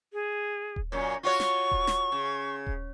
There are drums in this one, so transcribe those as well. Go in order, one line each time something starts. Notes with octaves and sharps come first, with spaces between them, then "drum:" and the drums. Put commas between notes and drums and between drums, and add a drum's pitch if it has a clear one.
G#4
drum: kick D#1
F#2 A#2 C#5
F4 F#4 C#5 C#6
drum: snare
drum: kick D#1
drum: snare
C#3
drum: kick D#1